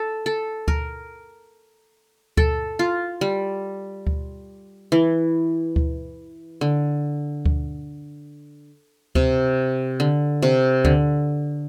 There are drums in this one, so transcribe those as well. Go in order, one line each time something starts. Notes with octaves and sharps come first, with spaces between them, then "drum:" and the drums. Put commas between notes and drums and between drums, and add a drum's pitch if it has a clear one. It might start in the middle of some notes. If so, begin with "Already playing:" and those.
Already playing: A4
A4
A#4, drum: kick D2
A4, drum: kick D2
F4
G3
drum: kick D2
E3
drum: kick D2
D3
drum: kick D2
C3, drum: kick D2
D3
C3
D3, drum: kick D2